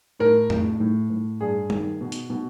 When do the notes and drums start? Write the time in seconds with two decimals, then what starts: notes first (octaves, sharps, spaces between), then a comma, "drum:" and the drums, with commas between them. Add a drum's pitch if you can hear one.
0.20 A2 A#4
0.50 A2, drum: tom F2
0.80 A2
1.10 A2
1.41 G2 G#4
1.70 D#3, drum: tom G3
2.01 B2
2.12 drum: hi-hat
2.30 B2